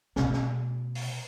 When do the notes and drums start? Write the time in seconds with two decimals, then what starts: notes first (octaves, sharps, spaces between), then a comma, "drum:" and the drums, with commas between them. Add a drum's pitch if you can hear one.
0.16 B2 A3, drum: snare
0.33 drum: snare
0.95 drum: open hi-hat